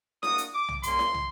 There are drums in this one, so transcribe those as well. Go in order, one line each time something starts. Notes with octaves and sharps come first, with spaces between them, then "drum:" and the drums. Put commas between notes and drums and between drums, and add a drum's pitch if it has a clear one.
A#3 D4 F#4 D#6, drum: snare E4
drum: hi-hat
D6
drum: tom
G3 A#3 C#4 C6, drum: hi-hat
drum: snare E4
drum: tom